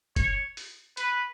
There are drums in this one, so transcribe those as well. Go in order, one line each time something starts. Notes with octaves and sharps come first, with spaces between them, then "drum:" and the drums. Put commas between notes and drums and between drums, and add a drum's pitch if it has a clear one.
C#5, drum: kick F1, hi-hat
drum: open hi-hat
B4, drum: hi-hat